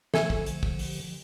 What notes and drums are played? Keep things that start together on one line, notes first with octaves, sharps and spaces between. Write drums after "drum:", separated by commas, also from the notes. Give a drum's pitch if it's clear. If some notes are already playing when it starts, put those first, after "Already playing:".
D3 F3 A3 G#5, drum: snare
drum: kick
drum: hi-hat
drum: kick
drum: open hi-hat